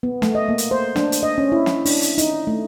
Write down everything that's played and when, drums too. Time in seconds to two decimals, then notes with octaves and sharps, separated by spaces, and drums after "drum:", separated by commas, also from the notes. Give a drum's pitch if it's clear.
0.03 B3
0.22 A3, drum: snare
0.35 D#5
0.49 A#3
0.58 drum: hi-hat
0.71 C5
0.96 D4, drum: snare
1.12 drum: hi-hat
1.23 D#5
1.38 C#4
1.52 E4
1.66 drum: snare
1.86 D4, drum: open hi-hat
2.02 drum: hi-hat
2.18 D#4, drum: hi-hat
2.47 A3